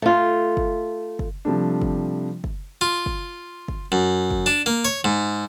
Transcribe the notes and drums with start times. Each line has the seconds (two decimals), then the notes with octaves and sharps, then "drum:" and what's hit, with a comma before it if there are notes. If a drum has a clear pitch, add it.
0.02 A3 F4
0.57 drum: kick
1.19 drum: kick
1.45 C3 F3 G3 A3 D4
1.82 drum: kick
2.44 drum: kick
2.81 F4
3.06 drum: kick
3.68 drum: kick
3.92 F#2
4.31 drum: kick
4.46 D4
4.66 A#3
4.85 C#5
5.04 G#2